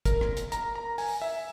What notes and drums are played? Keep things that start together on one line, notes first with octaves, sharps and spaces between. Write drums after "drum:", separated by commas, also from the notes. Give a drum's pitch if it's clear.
A#4, drum: kick, hi-hat
drum: rim click
drum: hi-hat
A#5, drum: hi-hat
A#5
G#5, drum: open hi-hat
E5